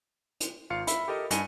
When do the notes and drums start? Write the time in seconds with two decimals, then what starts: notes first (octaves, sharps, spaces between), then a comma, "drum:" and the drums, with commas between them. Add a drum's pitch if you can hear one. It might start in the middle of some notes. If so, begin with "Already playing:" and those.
0.40 drum: hi-hat
0.70 G#1 F4 F5 C#7
0.87 E5 B5, drum: hi-hat
1.08 G4 A4 A#4 D#5
1.30 G2 G#5 C#7 D#7, drum: hi-hat